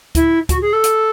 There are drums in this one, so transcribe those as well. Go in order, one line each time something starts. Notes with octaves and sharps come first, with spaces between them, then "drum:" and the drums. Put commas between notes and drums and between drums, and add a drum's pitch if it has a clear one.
E4, drum: kick, hi-hat
F#4, drum: kick, hi-hat
G#4
A4
drum: hi-hat